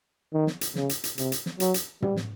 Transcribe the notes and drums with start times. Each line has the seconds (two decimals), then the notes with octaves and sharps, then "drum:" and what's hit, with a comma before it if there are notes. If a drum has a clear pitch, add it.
0.33 D#3
0.47 drum: snare
0.61 drum: hi-hat
0.75 C#3, drum: snare
0.89 drum: hi-hat
1.04 drum: hi-hat
1.18 C3, drum: hi-hat
1.32 drum: hi-hat
1.46 drum: snare
1.60 F#3, drum: hi-hat
1.74 drum: hi-hat
2.02 G3, drum: tom
2.16 drum: snare